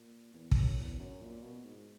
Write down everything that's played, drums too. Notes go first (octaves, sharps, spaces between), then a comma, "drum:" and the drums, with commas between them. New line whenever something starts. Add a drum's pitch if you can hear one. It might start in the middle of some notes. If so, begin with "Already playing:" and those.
Already playing: A#2
E2
G#2, drum: kick
F#2
E2
F#2
A#2
B2
G#2